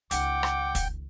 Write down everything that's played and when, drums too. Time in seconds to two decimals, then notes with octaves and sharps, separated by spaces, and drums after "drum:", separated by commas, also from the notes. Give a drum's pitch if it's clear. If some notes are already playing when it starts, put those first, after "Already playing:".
0.11 C#2 D#3 F#5 G5 D6, drum: hi-hat
0.43 drum: rim click
0.75 drum: kick, hi-hat